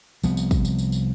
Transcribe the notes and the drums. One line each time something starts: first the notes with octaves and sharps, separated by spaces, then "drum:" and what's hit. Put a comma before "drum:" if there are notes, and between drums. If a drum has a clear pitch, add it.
C2 F3 B3, drum: tambourine
drum: tambourine
drum: kick, tambourine
drum: tambourine
drum: tambourine
drum: tambourine